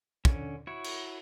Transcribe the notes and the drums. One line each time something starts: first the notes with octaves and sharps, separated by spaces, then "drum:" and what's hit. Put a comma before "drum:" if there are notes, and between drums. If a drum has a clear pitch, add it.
D3 C#4, drum: kick
E4 F#4 C#5
drum: cymbal